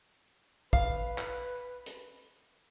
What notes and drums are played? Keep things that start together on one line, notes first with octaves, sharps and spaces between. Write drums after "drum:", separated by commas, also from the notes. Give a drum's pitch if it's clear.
B4 F5, drum: kick
drum: clap
drum: hi-hat